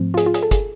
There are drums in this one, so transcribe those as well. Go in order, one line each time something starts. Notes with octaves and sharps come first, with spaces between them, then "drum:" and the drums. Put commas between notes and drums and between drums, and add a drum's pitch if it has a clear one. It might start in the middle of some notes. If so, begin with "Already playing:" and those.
Already playing: G#2 F3 A3 C4
F4
G#4, drum: hi-hat
F4
G#4, drum: hi-hat
A4
G#4, drum: kick, hi-hat